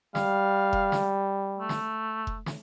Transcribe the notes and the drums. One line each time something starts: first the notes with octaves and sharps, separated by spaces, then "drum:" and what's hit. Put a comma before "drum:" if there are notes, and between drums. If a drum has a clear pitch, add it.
G3 F5, drum: snare
drum: kick F1
drum: snare
A3
drum: snare
drum: kick F1
drum: snare